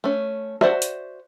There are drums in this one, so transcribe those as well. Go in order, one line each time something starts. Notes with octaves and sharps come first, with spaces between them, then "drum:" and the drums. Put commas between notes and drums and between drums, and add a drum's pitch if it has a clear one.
A3 C#4
F#4 C5 D5 E5, drum: rim click
drum: hi-hat